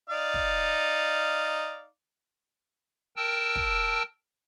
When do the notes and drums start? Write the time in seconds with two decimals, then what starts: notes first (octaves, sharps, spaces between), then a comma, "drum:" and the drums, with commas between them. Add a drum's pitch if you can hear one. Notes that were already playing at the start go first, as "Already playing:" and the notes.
0.10 D#4 D5 F5
0.34 drum: kick
3.16 A#4 G5 A5 E6
3.55 drum: kick